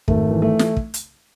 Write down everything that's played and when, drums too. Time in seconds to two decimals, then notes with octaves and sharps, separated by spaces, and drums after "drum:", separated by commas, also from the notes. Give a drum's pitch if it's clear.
0.08 G#1 A3, drum: kick
0.31 E3
0.42 A3
0.59 drum: snare
0.77 drum: kick
0.94 drum: hi-hat